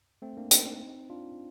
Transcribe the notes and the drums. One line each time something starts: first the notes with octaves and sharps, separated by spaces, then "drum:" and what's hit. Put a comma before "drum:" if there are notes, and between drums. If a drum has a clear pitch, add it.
A3 C4
A#3 D4
C4 D#4, drum: hi-hat
D4 F4